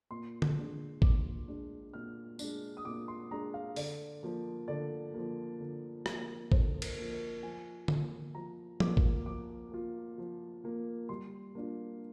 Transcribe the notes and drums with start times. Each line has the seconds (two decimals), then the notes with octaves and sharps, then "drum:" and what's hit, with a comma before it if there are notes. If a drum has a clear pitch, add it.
0.11 A#2 C6
0.42 drum: tom D3
0.56 G#3 D4
1.02 A#2 D6, drum: kick
1.48 G#3 D4
1.94 A#2 F6
2.39 G#3 D4, drum: tambourine
2.77 D#6
2.85 A#2 D6
3.08 C6
3.31 G#3 D4 A#5
3.54 F5
3.76 D3 D5, drum: open hi-hat
4.23 F3 A#3
4.68 D3 D5
5.14 F3 A#3
5.60 D3
6.06 F3 A#3, drum: rim click
6.52 D3 C5, drum: kick
6.82 A#4, drum: cymbal
6.97 F3 A#3
7.13 A#4
7.43 F3 G#5
7.88 A#3 F4, drum: tom D3
8.35 F3 A#5
8.80 A#3 F4 D6, drum: tom F3
8.97 drum: kick
9.26 F3 D6
9.72 A#3 F4
10.18 F3
10.64 A#3 F4
11.09 G3 C6
11.55 A#3 D4 F4